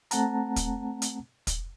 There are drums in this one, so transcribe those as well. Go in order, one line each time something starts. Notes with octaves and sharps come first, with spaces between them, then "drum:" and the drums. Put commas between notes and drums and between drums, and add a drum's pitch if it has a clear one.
A3 C4 F#5 A5 A#5, drum: hi-hat
drum: kick, hi-hat
drum: hi-hat
drum: kick, hi-hat